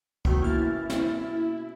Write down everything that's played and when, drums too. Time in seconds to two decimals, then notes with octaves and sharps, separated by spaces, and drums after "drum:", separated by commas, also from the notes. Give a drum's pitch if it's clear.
0.25 G1 B2 D#3 A3 C#4, drum: kick C#2
0.42 A#3 E4 F6 A6
0.90 drum: snare